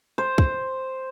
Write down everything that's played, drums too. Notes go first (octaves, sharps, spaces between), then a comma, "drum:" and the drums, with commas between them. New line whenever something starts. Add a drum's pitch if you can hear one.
C5
drum: kick